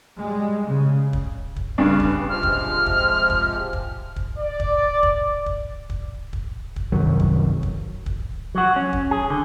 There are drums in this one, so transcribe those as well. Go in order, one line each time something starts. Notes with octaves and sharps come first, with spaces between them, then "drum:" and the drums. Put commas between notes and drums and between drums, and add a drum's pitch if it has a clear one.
G3 G#3
C#3
drum: kick
drum: kick
G2 C#3 D4 B4 F5
drum: kick
C3 F3 G#3 F6
drum: kick
drum: kick
drum: kick
drum: kick
drum: kick
D5
drum: kick
drum: kick
drum: kick
drum: kick
drum: kick
drum: kick
C2 F#2 D#3 F#3
drum: kick
drum: kick
drum: kick
F#3 F#4
C#4
drum: kick
G#4
D3